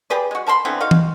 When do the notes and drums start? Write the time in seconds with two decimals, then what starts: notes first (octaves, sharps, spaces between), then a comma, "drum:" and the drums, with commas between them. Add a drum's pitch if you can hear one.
0.10 G4 G#4 B4 D5
0.31 G#3 F#4
0.47 A#4 A5 B5 C6
0.65 D3 E3 B3 C4
0.81 D#3 D#4 F#4 F5
0.91 drum: tom E3